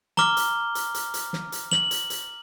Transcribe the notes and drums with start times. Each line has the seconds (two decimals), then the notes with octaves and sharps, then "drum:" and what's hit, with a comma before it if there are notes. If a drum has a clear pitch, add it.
0.17 A#5 D6 F6 G7, drum: snare
0.37 drum: hi-hat
0.75 drum: hi-hat
0.94 drum: hi-hat
1.14 drum: hi-hat
1.33 drum: snare
1.52 drum: hi-hat
1.72 F#7, drum: snare
1.91 drum: hi-hat
2.10 drum: hi-hat